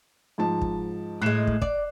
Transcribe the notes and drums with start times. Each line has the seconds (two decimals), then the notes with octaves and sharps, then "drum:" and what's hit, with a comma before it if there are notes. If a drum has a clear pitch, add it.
0.38 G#2 F3 A5
0.61 drum: kick
1.22 A2 G#3 F#6 C7 E7
1.47 drum: kick
1.62 D5, drum: kick